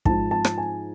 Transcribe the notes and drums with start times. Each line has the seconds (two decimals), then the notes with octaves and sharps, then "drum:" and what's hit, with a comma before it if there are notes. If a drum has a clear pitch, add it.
0.05 G#2 F3 A5, drum: kick
0.31 A5
0.44 drum: rim click
0.58 G#5